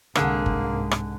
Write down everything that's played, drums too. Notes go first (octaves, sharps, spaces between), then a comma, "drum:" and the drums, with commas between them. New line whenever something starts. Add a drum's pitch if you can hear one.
C2 G#2 D3 A#3 G#4, drum: rim click
drum: kick G1
drum: rim click